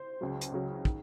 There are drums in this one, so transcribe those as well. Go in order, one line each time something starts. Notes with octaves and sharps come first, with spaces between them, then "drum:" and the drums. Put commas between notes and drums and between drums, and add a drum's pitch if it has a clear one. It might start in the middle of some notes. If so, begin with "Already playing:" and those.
Already playing: C5
C#2 C#3 F#3
drum: hi-hat
C#2 C#3 F#3
D#3, drum: kick